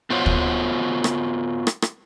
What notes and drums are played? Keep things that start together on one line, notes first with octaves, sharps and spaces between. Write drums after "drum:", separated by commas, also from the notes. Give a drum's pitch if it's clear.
B3 F4 F#4 C5 C#5
drum: kick
drum: rim click
drum: rim click
drum: rim click